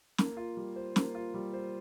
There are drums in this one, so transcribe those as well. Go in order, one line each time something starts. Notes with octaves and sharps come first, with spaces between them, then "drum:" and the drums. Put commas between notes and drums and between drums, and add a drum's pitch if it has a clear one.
A#3, drum: snare
F4
G3
C5
A#3, drum: snare
F4
G3
C5